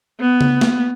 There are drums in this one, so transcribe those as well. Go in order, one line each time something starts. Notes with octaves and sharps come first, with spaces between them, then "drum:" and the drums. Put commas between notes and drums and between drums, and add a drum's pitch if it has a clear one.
B3
drum: tom C#3
drum: snare A#3